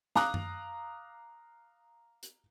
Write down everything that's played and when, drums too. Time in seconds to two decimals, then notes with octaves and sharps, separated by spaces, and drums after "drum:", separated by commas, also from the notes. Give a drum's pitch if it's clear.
0.16 F5 A#5 D6 D#6 F#6, drum: snare
0.34 drum: tom F#2
2.23 drum: hi-hat